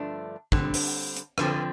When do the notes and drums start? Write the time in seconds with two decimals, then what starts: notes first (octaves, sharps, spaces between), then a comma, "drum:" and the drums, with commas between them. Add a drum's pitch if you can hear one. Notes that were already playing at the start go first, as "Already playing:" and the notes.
Already playing: G2 D3 F3 A3 D4
0.52 D3 G3 C4, drum: kick
0.74 drum: open hi-hat
1.16 drum: hi-hat
1.38 F2 D3 F3 C4, drum: rim click